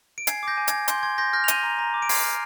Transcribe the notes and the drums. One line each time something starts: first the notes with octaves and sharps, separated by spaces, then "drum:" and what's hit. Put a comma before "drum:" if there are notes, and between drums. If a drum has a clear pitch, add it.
D7
G#5 G#6 C7, drum: hi-hat
D6 G6 A#6
G#5
G#5 G#6, drum: hi-hat
C6 G6, drum: hi-hat
C6 G#6
C6 G6 A#6
F6 G6 A#6
F7
G6 D#7 G7, drum: hi-hat
A#5
A#5
D6
D7
F6 G#6 C7, drum: open hi-hat
F6